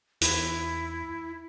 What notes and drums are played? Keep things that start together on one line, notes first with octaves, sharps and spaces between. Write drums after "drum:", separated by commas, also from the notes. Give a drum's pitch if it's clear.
E2 E4, drum: hi-hat